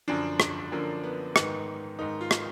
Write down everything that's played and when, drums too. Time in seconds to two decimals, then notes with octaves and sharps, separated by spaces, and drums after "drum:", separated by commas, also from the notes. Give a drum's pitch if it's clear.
0.08 F#2 D3 F3 D4
0.40 drum: rim click
0.72 F#2 D3 F3 A#3
1.03 B3
1.36 G#2 D#3 B3, drum: rim click
1.99 G#2 D#3 D#4
2.21 F4
2.31 drum: rim click